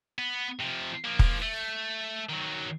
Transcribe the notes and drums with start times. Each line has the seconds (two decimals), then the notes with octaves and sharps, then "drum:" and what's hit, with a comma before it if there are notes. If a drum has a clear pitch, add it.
0.19 B3
0.60 C3 F3
1.04 F3 A#3
1.19 drum: kick
1.42 A3
2.30 D#3 F#3